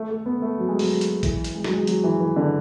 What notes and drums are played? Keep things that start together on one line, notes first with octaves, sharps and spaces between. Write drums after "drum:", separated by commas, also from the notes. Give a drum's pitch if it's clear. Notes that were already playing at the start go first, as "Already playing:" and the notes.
Already playing: A3
A3
B3
A3
F#3
G#3
F#3, drum: open hi-hat
drum: hi-hat
E3, drum: kick A1, hi-hat
drum: hi-hat
G#3
F#3, drum: snare
G#3
F#3, drum: hi-hat
E3
E3
D3